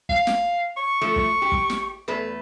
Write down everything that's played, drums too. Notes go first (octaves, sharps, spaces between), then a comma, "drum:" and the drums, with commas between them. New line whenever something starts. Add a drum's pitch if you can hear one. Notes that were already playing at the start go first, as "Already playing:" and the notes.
F5, drum: kick
drum: snare
C#6
F3 A3
drum: kick
G4
drum: kick
drum: snare
E2 A3 B4